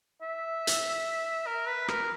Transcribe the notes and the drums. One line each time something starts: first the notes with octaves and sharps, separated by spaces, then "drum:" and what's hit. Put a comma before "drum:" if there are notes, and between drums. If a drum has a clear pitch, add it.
E5
drum: hi-hat
A#4
B4
A#4, drum: rim click